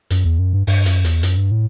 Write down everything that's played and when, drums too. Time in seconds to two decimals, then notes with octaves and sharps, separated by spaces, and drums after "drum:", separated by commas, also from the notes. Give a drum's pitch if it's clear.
0.10 F#2, drum: hi-hat
0.24 E2
0.39 F#2
0.53 G2
0.67 G2, drum: open hi-hat
0.86 F#2, drum: hi-hat
1.05 E2, drum: hi-hat
1.23 F#2, drum: hi-hat
1.37 G2
1.51 A2